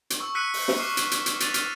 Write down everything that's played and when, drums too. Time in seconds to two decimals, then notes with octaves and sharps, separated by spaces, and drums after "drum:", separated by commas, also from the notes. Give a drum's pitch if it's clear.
0.10 drum: hi-hat
0.20 C#6 E6
0.34 C#6 E6 F#6 B6 C#7 D#7
0.54 drum: open hi-hat
0.68 drum: snare
0.79 C#6 D6 F6 C7
0.97 drum: hi-hat
1.11 drum: hi-hat
1.26 drum: hi-hat
1.40 A6 B6 D#7 F7, drum: hi-hat
1.54 F6 D#7, drum: hi-hat